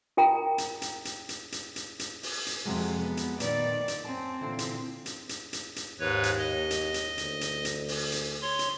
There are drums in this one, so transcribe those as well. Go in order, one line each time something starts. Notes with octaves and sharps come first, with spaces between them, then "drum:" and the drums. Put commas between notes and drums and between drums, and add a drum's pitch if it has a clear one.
F4 A#4 G5 A#5
drum: hi-hat
drum: hi-hat
drum: hi-hat
drum: hi-hat
drum: hi-hat
drum: hi-hat
drum: hi-hat
drum: open hi-hat
drum: hi-hat
F2 C3 F#3 G#3
B3
drum: hi-hat
A#2 D#3 B3 D5, drum: hi-hat
D2
drum: hi-hat
F#2 C4 G#5 A5
A#2 D3 E3
drum: hi-hat
drum: hi-hat
drum: hi-hat
drum: hi-hat
drum: hi-hat
D#2 G#2 B4 C#5
drum: hi-hat
D#5
drum: hi-hat
drum: hi-hat
D2, drum: hi-hat
drum: hi-hat
drum: hi-hat
drum: open hi-hat
drum: hi-hat
C#5 C6
drum: hi-hat